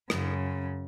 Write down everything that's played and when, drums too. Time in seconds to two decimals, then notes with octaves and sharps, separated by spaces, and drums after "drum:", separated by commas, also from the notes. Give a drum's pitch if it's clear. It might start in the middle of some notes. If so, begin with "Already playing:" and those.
0.10 F#2 C#3, drum: rim click